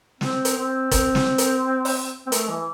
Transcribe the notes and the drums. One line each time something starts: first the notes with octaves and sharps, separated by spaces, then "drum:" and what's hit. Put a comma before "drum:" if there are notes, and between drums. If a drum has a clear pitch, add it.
C4, drum: snare
drum: hi-hat
C4
C4, drum: kick G1, hi-hat
drum: snare
drum: hi-hat
drum: open hi-hat
C4
A3, drum: hi-hat
E3